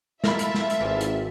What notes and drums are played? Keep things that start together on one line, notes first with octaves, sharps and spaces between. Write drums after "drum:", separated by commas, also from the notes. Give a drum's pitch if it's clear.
E4 F4 A4 A#4 E5 B5, drum: snare
drum: hi-hat
drum: snare
drum: hi-hat
G#1 E3 F3
drum: hi-hat